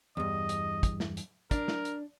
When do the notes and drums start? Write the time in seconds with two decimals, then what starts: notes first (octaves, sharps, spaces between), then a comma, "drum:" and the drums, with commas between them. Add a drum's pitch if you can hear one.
0.17 E2 G2 D#5
0.49 drum: hi-hat
0.83 drum: kick, hi-hat
1.00 drum: snare
1.17 drum: hi-hat
1.51 D4 A#4, drum: kick, hi-hat
1.68 drum: snare
1.85 drum: hi-hat